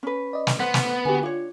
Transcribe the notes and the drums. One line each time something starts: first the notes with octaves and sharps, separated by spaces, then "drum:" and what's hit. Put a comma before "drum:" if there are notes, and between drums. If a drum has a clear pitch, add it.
C#4 B4
D5 D#5
drum: snare
B3 C5 F#5
drum: snare
D3 F#4 G4 B4 G#5
D4 F4 C#5